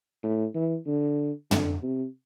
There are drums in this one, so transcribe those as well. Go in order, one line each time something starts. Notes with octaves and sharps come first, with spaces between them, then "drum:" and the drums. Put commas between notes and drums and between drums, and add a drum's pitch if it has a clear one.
A2
E3
D3
D3, drum: tom
C3